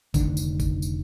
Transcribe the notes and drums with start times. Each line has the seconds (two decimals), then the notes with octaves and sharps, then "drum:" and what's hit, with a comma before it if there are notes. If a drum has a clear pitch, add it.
0.14 F1 D3 D#3 D4, drum: kick G#1, tambourine
0.37 drum: tambourine
0.60 drum: kick G#1, tambourine
0.82 drum: tambourine